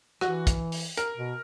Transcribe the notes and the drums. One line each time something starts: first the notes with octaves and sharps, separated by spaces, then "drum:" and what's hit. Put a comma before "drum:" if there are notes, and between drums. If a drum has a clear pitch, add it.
E3 F#4, drum: rim click
drum: kick, hi-hat
drum: open hi-hat
A#4, drum: hi-hat
B2